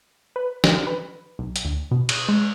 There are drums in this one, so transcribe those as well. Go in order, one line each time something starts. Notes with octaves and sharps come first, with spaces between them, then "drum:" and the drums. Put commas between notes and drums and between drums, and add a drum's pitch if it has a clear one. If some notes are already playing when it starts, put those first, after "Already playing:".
B4
drum: snare
B4
B1
drum: hi-hat
D2
B2
drum: cymbal
G#3